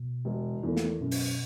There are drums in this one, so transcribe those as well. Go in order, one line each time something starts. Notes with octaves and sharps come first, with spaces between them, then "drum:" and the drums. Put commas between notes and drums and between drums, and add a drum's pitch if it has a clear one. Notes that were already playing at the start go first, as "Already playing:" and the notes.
Already playing: B2
E1
E2 D#3 A3
drum: snare
F#2 B2
drum: open hi-hat